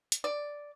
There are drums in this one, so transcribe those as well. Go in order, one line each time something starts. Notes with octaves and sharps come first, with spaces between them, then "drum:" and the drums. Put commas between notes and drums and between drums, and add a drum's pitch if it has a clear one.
drum: hi-hat
D5